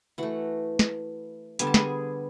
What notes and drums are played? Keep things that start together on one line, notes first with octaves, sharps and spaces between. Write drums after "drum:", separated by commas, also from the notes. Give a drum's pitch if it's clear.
E3 A3 F#4 F#5
drum: snare
D3 G3 B3 G#5, drum: hi-hat
A5
G#4 G#5, drum: snare